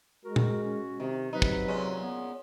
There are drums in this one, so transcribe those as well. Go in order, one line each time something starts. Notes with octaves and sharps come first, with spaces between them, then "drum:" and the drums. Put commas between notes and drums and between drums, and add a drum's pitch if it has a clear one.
G#3 F#4 A#4
drum: tom A#2
C#4
C3 D#3
C3 F#3 D#4 B4
drum: kick
A#2 G#3 C#4
B3